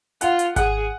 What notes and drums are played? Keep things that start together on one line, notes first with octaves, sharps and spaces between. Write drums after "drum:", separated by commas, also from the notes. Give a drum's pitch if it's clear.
F4 F#5 F#6, drum: hi-hat
drum: hi-hat
G#4 F#5 F#6, drum: kick G#1, hi-hat